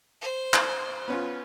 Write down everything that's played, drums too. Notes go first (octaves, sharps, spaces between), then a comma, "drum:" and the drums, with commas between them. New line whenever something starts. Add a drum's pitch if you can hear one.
C5
drum: clap
B3 C#4 F4